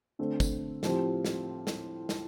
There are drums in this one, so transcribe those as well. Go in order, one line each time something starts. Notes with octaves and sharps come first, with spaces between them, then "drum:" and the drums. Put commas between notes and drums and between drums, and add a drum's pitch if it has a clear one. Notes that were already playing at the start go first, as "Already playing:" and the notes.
D3 A3 C4
drum: kick, tambourine
A2 F3 C4 G4, drum: snare
drum: snare
drum: snare
drum: snare